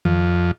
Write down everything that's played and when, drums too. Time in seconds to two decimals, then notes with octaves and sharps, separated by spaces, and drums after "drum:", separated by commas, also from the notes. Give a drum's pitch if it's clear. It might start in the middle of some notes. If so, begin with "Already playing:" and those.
0.05 F2, drum: tom D#3